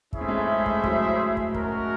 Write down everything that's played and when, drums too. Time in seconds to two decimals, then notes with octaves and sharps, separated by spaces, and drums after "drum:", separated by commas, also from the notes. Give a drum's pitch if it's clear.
0.13 C#4 E4 G#4 C5 E5, drum: kick
0.21 A3
0.28 G#3
0.36 A3
0.66 drum: kick
0.84 F#3, drum: kick
1.37 drum: kick
1.54 C#4 F#4 A#4, drum: kick